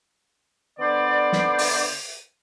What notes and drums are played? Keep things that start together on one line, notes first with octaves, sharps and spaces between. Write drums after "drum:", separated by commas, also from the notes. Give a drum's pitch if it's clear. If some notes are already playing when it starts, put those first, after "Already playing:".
D3 B3 C5 D5
drum: snare
drum: open hi-hat